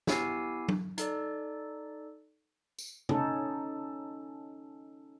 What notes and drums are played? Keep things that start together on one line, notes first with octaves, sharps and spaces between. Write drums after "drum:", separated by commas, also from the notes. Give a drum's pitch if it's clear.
B3 E4 G4 G#5 E6 C7, drum: snare
drum: tom F#3
D#4 A4 D5, drum: hi-hat
drum: tambourine
C#4 D#4 A4, drum: tom